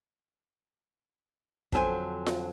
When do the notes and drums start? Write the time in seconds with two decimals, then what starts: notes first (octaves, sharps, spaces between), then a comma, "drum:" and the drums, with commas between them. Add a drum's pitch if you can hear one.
1.72 F2 D3 F#3 A4 C5 G#5, drum: kick
2.26 drum: snare F4